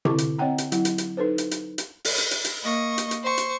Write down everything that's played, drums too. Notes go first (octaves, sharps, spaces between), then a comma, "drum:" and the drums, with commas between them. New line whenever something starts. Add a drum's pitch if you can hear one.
D3 C4 E4 A4 C#6 D6, drum: tom C3
drum: hi-hat
C4 C#5 D#5 F#5 G5 A#5
drum: hi-hat
F#3 E4 F#5, drum: hi-hat
drum: hi-hat
drum: hi-hat
D#4 A4 B4 C5
drum: hi-hat
drum: hi-hat
drum: hi-hat
drum: open hi-hat
drum: hi-hat
drum: hi-hat
drum: hi-hat
A#3 D#5 C#6
drum: hi-hat
drum: hi-hat
C5 C#6
drum: hi-hat